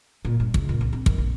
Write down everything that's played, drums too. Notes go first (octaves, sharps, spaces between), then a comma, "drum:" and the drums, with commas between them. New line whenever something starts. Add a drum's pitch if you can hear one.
A#2
G2
C#2, drum: kick
A#2
C2
C4
D#3, drum: kick
A#1